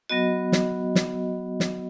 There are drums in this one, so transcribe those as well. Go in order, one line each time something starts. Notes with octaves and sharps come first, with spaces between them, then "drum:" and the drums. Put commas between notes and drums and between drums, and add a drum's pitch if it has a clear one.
F#3 B3 F#4 D#5
drum: snare
drum: snare
drum: snare